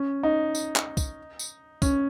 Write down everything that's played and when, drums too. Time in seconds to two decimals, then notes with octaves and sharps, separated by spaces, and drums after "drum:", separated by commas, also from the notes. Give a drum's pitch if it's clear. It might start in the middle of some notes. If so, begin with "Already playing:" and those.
Already playing: C#4
0.23 D#4
0.55 drum: tambourine
0.76 drum: clap
0.97 drum: kick, tambourine
1.39 drum: tambourine
1.82 C#4, drum: kick, tambourine